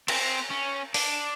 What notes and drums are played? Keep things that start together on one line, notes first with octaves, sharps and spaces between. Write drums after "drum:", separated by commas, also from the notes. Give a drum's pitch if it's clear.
C4, drum: cymbal
C#4
D4, drum: open hi-hat